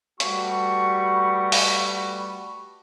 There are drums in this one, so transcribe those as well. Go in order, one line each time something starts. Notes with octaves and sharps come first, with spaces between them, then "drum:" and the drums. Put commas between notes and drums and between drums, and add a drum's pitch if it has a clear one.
G3 A3 F#4 B4 C#6, drum: hi-hat
drum: open hi-hat